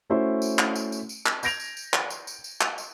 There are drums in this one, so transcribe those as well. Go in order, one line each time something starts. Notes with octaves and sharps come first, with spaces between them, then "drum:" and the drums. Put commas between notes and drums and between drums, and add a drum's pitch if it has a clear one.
A3 C#4 E4 F#4 C5
drum: tambourine
drum: clap
drum: tambourine
drum: tambourine
drum: tambourine
drum: clap
G6 G#6 A#6 D7 F7, drum: tambourine
drum: tambourine
drum: tambourine
drum: clap
drum: tambourine
drum: tambourine
drum: tambourine
drum: clap
drum: tambourine